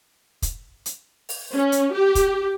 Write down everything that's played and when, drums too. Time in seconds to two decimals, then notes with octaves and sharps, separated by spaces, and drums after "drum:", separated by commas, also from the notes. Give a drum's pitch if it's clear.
0.42 drum: kick, hi-hat
0.86 drum: hi-hat
1.29 drum: open hi-hat
1.54 C#4
1.72 drum: hi-hat
1.94 G4
2.15 drum: kick, hi-hat